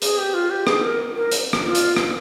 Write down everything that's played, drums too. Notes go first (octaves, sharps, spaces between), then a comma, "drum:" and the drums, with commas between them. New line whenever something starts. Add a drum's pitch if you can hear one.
G#4, drum: hi-hat
G4
F4
G4
G#4, drum: rim click
A#4
A#4
drum: hi-hat
drum: rim click
F4
drum: hi-hat
drum: rim click